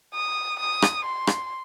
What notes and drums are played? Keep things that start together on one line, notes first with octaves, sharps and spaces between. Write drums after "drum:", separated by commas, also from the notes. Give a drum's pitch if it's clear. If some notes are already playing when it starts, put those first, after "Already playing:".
D#6
D#6
drum: rim click
C6
drum: rim click